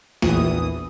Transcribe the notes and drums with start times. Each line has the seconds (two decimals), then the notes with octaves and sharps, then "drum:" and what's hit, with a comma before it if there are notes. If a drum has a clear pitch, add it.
0.22 A#1 E2 E3 D#6, drum: snare